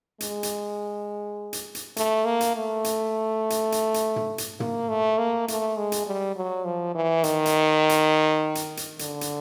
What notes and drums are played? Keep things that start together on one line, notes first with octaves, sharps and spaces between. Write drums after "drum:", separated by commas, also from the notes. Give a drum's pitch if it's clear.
G#3, drum: hi-hat
drum: hi-hat
drum: hi-hat
drum: hi-hat
A3, drum: hi-hat
A#3
drum: hi-hat
A3
drum: hi-hat
drum: hi-hat
drum: hi-hat
drum: hi-hat
drum: tom
drum: hi-hat
A#3, drum: tom
A3
A#3
A3, drum: hi-hat
G#3
drum: hi-hat
G3
F#3
F3
E3
D#3, drum: hi-hat
drum: hi-hat
drum: hi-hat
drum: hi-hat
drum: hi-hat
D3, drum: hi-hat
drum: hi-hat